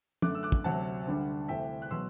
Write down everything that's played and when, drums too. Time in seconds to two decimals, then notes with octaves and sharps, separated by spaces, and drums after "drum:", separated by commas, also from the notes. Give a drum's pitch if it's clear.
0.22 F#2 D3 A3 D6 F#6, drum: tom
0.35 E6
0.43 D6 F#6
0.52 drum: kick
0.64 D2 C3 F#3 F#5 A5
1.07 D2 D3 G3 D4
1.48 D2 C3 E3 A3 E5 G5
1.82 F#6
1.91 B2 F#3 C6 E6